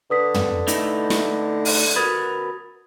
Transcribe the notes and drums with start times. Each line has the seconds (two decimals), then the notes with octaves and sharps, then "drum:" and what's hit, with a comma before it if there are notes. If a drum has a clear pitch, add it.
0.10 D3 B4 D#6 B6
0.34 drum: tom
0.68 A3 D#4 E4, drum: hi-hat
1.10 drum: snare
1.65 drum: open hi-hat
1.96 F#4 A#4 B4 D#6 G#6 A6